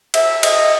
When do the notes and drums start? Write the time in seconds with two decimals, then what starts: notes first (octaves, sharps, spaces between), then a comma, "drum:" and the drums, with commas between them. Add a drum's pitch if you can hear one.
0.14 E5, drum: cymbal
0.43 D#5, drum: cymbal